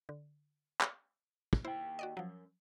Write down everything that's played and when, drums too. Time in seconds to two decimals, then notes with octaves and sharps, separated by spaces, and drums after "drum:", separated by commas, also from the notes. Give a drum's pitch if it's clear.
0.09 D3
0.81 drum: clap
1.53 drum: kick
1.65 D#2 E4 C5 G5
1.99 F#4 D5 D#5
2.17 F#2 F3 F#3